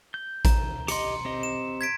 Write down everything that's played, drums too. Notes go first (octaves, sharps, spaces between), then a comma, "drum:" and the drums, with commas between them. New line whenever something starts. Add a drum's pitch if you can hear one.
G6
A#5, drum: kick A1, hi-hat
G4 D#5 C6 C#7, drum: hi-hat
C4 G4 D#5
E7
G#6 B6 D7